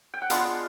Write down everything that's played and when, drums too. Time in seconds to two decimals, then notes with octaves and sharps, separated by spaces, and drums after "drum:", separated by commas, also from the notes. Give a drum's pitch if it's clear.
0.14 G5
0.22 F#5
0.30 G#3 B3 D4 F4 F5, drum: hi-hat